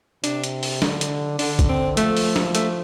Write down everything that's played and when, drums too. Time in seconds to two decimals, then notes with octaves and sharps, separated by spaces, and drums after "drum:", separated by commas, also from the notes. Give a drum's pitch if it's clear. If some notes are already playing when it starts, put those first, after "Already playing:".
0.24 C3 D4, drum: hi-hat
0.44 drum: hi-hat
0.63 drum: open hi-hat
0.82 D3, drum: snare
1.01 drum: hi-hat
1.39 D3 D4, drum: open hi-hat
1.59 drum: kick, hi-hat
1.69 C4
1.97 F3 A3, drum: hi-hat
2.17 drum: open hi-hat
2.36 drum: snare
2.55 A3, drum: hi-hat